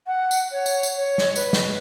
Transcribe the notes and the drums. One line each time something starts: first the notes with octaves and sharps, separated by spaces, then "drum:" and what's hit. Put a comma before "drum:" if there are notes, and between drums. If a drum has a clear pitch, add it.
F#5
drum: tambourine
C#5
drum: tambourine
drum: tambourine
C#5
drum: snare
B4, drum: tambourine
drum: snare